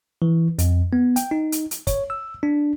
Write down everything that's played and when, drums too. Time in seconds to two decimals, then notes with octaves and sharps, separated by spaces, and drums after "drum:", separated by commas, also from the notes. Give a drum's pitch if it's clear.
0.22 E3
0.59 F2, drum: hi-hat
0.93 B3
1.16 G5, drum: hi-hat
1.31 D#4
1.52 drum: hi-hat
1.71 drum: hi-hat
1.87 C#5, drum: kick, hi-hat
2.10 E6
2.43 D4